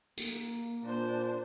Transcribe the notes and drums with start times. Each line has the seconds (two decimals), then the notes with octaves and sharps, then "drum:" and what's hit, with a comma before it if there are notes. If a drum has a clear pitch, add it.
0.18 A#3, drum: tambourine
0.84 A#2 D4 C5